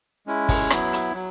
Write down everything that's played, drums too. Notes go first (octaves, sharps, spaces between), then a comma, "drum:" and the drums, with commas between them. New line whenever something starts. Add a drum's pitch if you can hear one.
G#3 C#4 E4
drum: kick, open hi-hat
F#3 B3 E4, drum: rim click
drum: hi-hat
F#3